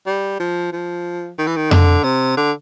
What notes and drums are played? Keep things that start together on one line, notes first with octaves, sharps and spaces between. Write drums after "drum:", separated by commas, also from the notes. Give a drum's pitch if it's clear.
G3
F3
F3
D#3
E3
D#3
D3, drum: tom F2
C3
D3